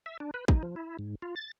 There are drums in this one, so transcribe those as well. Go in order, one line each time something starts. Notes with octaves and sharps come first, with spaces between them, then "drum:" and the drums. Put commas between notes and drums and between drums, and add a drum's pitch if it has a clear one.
E5
D4
B4
D#4, drum: kick
F3
E4
G#2
F4
A6